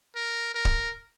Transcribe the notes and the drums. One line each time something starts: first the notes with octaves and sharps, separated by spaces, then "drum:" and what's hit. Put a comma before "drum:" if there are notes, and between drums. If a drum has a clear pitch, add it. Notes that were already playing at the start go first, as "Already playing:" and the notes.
A#4
A#4
drum: kick